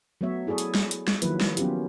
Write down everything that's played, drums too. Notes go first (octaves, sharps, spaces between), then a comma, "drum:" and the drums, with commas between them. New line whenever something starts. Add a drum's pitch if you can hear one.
F#3 A3 B3 C#5 E5
E4 G#4 A4 C#5 D5
drum: hi-hat
drum: snare
drum: hi-hat
drum: snare
D#3 F3 F#3 A#3 E4 B4, drum: hi-hat
drum: snare
F#3 B3 C#4 E4 F4 G4, drum: hi-hat